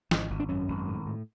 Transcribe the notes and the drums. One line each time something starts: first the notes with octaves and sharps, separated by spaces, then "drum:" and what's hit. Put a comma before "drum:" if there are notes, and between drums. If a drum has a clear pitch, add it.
G#1, drum: snare
G#1
D4
F#2 C#4
G#1
A2
A2